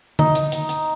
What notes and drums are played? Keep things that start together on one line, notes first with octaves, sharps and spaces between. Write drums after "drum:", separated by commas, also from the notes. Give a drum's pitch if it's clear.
D#4, drum: tom
drum: hi-hat
drum: hi-hat
drum: hi-hat